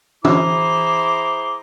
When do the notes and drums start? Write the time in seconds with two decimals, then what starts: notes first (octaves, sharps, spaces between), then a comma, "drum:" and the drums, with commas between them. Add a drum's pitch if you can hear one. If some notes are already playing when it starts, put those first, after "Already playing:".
0.25 E4 G#4 C5 A#5 C6 D6, drum: tom